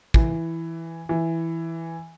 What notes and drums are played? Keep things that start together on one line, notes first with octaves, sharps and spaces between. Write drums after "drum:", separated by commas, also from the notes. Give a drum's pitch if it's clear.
E3, drum: kick
E3